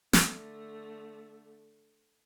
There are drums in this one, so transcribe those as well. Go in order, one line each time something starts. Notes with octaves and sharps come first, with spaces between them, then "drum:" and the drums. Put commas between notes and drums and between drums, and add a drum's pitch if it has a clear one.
D3 A3, drum: snare